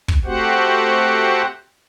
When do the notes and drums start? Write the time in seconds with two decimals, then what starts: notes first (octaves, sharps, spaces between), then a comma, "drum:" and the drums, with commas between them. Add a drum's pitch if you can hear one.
0.08 drum: kick
0.25 A3 C4 F#4 G4 C5 F#5